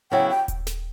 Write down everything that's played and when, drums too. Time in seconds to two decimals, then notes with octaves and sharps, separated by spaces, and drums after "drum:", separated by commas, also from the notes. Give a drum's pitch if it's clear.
0.11 C#3 F#3 B3 E4 G5
0.30 G5
0.48 drum: kick D#1, hi-hat
0.67 drum: snare